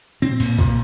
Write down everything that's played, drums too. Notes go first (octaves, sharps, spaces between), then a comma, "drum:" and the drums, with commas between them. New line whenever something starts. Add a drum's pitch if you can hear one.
A#2 C4
A#2, drum: cymbal
A#2, drum: kick A#1